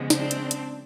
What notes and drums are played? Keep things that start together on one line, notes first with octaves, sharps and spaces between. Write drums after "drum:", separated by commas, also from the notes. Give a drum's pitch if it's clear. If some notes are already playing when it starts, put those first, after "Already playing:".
Already playing: C#3 F3 G#3 B3
C4 D4, drum: snare
drum: hi-hat
drum: hi-hat